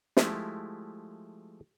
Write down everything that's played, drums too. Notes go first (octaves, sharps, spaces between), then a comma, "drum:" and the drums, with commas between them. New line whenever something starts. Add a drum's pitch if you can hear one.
F3 G#3 A3 E4 G4, drum: snare